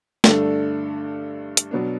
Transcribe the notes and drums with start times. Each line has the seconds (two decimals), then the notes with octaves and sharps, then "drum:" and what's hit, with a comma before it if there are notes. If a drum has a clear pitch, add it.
0.24 G2 D3 A3 D4 A4, drum: snare
1.57 drum: hi-hat
1.71 B2 F#3 B3 D4